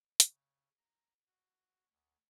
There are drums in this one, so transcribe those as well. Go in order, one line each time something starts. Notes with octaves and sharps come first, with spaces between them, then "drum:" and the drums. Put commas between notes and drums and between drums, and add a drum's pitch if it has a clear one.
C#3, drum: hi-hat
A#5
F#4
D2